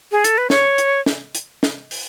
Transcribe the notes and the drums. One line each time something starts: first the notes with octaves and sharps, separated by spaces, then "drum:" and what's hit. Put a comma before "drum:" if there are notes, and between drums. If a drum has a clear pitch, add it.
G#4
A4, drum: hi-hat
B4
C#5, drum: snare
drum: hi-hat
drum: snare
drum: hi-hat
drum: snare
drum: open hi-hat